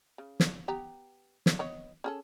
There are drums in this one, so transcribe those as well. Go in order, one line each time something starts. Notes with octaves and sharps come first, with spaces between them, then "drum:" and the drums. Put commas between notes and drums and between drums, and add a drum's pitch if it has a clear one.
C#3
drum: snare
B3 G4 A#5
drum: snare
B3 C#5 D#5
C#4 G#4 A4